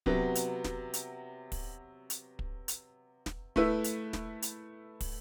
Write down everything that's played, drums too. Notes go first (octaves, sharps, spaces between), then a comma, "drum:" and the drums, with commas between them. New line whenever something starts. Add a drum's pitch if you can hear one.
C3 F#3 B3, drum: kick
drum: hi-hat
drum: snare
drum: hi-hat
drum: kick, open hi-hat
drum: hi-hat
drum: kick
drum: hi-hat
drum: snare
A3 E4 B4 E5, drum: kick
drum: hi-hat
drum: snare
drum: hi-hat
drum: kick, open hi-hat